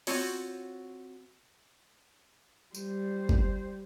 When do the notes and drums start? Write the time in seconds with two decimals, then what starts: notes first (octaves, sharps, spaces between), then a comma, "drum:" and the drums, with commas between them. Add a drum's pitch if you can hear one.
0.07 C4 F4 F#4 C#5, drum: open hi-hat
2.75 G3 C5, drum: tambourine
3.29 drum: kick G1